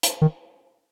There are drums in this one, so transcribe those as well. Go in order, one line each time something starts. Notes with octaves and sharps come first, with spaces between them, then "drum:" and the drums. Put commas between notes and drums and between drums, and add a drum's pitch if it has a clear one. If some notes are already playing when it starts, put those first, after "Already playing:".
drum: hi-hat
D#3